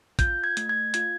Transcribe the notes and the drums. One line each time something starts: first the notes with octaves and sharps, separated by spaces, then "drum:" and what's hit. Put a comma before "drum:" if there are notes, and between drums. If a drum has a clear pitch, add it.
F4 G6, drum: kick, hi-hat
G#6
A3, drum: hi-hat
G#6
F4 G#6, drum: hi-hat